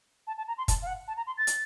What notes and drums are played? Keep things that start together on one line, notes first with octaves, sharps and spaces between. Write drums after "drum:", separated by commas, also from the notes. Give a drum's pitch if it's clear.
A5
A5
A#5
C6
A5, drum: kick, hi-hat
F5
F#5
A5
A#5
C6
A6
drum: hi-hat